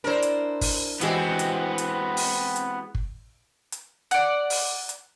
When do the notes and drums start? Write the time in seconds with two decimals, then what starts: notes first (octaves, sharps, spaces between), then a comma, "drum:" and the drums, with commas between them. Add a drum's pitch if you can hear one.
0.04 D4 E4 A#4 C5
0.22 drum: hi-hat
0.61 drum: kick, open hi-hat
1.01 E3 G#3 B3 C4 E4 F#4 G4, drum: hi-hat
1.39 drum: hi-hat
1.78 drum: hi-hat
2.17 drum: open hi-hat
2.56 drum: hi-hat
2.95 drum: kick
3.72 drum: hi-hat
4.11 D5 F#5, drum: hi-hat
4.50 drum: open hi-hat
4.89 drum: hi-hat